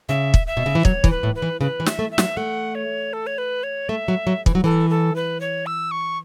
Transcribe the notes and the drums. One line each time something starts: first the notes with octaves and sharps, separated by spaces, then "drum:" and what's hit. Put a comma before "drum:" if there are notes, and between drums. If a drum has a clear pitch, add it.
C#3 E5
drum: kick
E5
B2
C#3
E3
F#3 C#5, drum: kick
E3, drum: kick
B4
A2
B4
E3
C#3 B4
E3
E5, drum: snare
A3
E5
F#3, drum: snare
A3 F#5
C#5
A4
C#5
B4
C#5
A3 E5
F#3
F#3
E3, drum: kick
F#3
E3 A4
A4
B4
C#5
E6
C#6